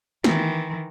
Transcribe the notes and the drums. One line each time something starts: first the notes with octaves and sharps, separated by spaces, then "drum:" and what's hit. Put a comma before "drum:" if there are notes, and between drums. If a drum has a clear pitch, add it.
D#3 E3, drum: snare